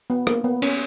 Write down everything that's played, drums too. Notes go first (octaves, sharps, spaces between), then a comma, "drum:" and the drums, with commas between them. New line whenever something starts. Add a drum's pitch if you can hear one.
B3
A#3, drum: rim click
B3
C#4, drum: cymbal